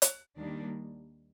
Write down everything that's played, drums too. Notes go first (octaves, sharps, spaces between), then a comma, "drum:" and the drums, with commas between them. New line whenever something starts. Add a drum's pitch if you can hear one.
drum: hi-hat
D#2 D#3 G3 A#3 D4